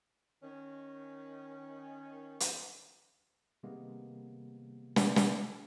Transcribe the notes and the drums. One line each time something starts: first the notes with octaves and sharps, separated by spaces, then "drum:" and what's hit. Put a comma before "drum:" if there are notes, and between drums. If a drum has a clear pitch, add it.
D#3 C#4
drum: hi-hat
C3 D#3 G3 G#3 A#3 B3
drum: snare
drum: snare